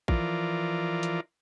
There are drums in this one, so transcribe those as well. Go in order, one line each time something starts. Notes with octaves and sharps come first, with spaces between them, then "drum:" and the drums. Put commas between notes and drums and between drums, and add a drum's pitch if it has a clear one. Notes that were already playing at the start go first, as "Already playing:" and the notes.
E3 F3 F4 A#4 D5, drum: kick A1
drum: hi-hat